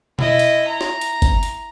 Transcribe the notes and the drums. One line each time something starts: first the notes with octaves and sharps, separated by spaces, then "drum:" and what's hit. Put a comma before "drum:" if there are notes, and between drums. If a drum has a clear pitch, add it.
E4 D#5, drum: tom B2
drum: hi-hat
A#5
drum: snare
drum: hi-hat
drum: kick G1, hi-hat
drum: hi-hat